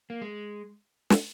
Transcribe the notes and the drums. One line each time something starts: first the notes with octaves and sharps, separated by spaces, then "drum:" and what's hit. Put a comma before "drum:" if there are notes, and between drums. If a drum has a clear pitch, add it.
A#3
G#3
drum: snare